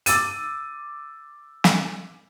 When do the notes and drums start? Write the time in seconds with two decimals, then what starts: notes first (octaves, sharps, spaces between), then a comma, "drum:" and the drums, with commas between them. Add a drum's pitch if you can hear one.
0.06 D6 E6 A6 D#7, drum: hi-hat
1.64 drum: snare